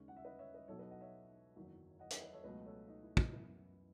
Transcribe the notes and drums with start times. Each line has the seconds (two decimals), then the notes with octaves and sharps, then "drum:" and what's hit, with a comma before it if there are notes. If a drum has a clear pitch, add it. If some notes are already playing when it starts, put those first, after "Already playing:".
Already playing: D#2 C#3 G#3 C#4
0.08 F#5
0.16 E5
0.24 B4 D#5
0.39 C#5 E5
0.54 B4 D#5
0.68 B1 B2 F#3 A4 C#5
0.79 B4 D#5
0.91 D#5 F#5
1.01 C#5 E5
1.56 F#1 E2 D#3 F#3
1.99 D#5 F#5
2.10 C#5 E5, drum: hi-hat
2.21 B4 D#5
2.33 A4 C#5
2.44 C#2 B2 F#3 A3 B4 D#5
2.66 A4 C#5
2.88 D#4
3.03 E4
3.17 D#4, drum: kick
3.32 F#2 E3 B3 E4